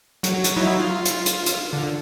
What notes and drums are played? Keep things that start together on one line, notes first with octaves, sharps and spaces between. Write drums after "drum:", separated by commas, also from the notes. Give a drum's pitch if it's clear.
F#3, drum: hi-hat
drum: hi-hat
F#3 D#4 E4
F4
drum: hi-hat
drum: hi-hat
drum: hi-hat
D3